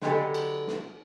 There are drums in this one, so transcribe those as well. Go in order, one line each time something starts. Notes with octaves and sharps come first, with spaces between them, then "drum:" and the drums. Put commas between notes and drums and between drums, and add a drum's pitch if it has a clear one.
D3 F#3 G#3 B3 G4 A4, drum: snare
drum: cymbal
drum: snare